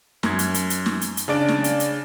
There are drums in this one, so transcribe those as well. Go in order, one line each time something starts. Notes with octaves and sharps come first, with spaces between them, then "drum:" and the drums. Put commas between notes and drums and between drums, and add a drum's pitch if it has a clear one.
F#2 G#6, drum: snare
drum: hi-hat
drum: hi-hat
drum: hi-hat
drum: snare
drum: hi-hat
drum: hi-hat
C#3 D4 D5 D7
drum: snare
drum: hi-hat
drum: hi-hat